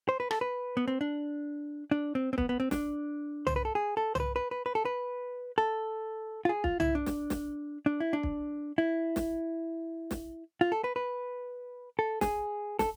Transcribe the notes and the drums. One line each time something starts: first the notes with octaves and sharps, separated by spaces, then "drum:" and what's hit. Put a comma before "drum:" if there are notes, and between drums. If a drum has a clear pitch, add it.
C5
B4
A4, drum: rim click
B4
B3
C4
D4
D4
C4
C4
B3, drum: kick
B3
C4
D4, drum: snare
C5, drum: tom
B4
A4
G#4
A4
C5, drum: tom
B4
B4
B4
B4
A4
B4
A4
F4
G#4
F4, drum: kick
E4, drum: tom
D4
drum: snare
drum: snare
D4
E4
D4
drum: kick
E4
drum: snare
drum: snare
F4
A4
B4
B4
A4
G#4, drum: snare
A4, drum: snare